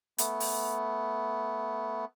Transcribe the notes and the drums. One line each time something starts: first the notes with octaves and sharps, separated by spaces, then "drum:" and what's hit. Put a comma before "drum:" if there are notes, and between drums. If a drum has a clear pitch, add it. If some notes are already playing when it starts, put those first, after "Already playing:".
A3 B3, drum: hi-hat
drum: open hi-hat